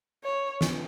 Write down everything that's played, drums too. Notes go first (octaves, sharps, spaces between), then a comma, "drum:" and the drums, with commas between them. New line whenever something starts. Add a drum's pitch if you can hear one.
C#5
drum: snare